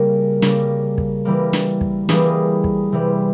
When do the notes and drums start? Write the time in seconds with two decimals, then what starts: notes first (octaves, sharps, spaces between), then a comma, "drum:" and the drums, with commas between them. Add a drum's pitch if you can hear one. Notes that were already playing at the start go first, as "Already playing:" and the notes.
Already playing: C#3 G3 A#3 A#4
0.42 C#3 G3 A#3, drum: snare
0.98 drum: kick
1.25 E3 G3 A#3
1.53 drum: snare
1.81 drum: kick
2.09 E3 G3 A#3 G#4, drum: snare
2.64 drum: kick
2.92 C3 E3 G3